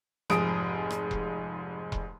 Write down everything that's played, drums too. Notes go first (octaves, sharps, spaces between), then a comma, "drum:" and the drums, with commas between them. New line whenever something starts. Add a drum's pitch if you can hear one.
F1 G#2 F3 G#4 D#6 D7, drum: rim click
drum: rim click
drum: kick E1
drum: kick E1